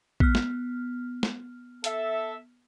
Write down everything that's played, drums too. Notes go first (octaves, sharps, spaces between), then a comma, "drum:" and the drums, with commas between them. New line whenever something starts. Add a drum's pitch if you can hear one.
B3 F6, drum: kick A1
drum: snare
drum: snare
A4 E5, drum: hi-hat